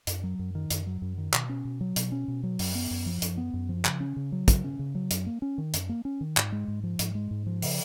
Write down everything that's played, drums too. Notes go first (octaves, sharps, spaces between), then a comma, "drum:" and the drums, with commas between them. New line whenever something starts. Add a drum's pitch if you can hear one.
F#2, drum: hi-hat
F#3
F#2
D#3
F#2, drum: hi-hat
F#3
F#2
D#3
B2, drum: clap
C#4
B2
F#3
B2, drum: hi-hat
C#4
B2
F#3
F#2, drum: open hi-hat
B3
F#2
F3
F#2, drum: hi-hat
B3
F#2
F3
C#3, drum: clap
C#4
C#3
F#3
C#3, drum: kick, hi-hat
C#4
C#3
F#3
F#2, drum: hi-hat
A#3
C#4
D#3
F#2, drum: hi-hat
A#3
C#4
D#3
G#2, drum: clap
G#3
G#2
F3
G#2, drum: hi-hat
G#3
G#2
F3
C#3, drum: open hi-hat